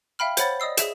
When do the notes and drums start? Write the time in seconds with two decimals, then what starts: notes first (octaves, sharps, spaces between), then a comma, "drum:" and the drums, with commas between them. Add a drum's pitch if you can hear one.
0.19 E5 F5 G5 B5 F6
0.37 C5 C#5 F#5 B5 A6, drum: hi-hat
0.60 D5 D#5 D#6 E6 C7
0.77 G#4 E5 E6 E7, drum: hi-hat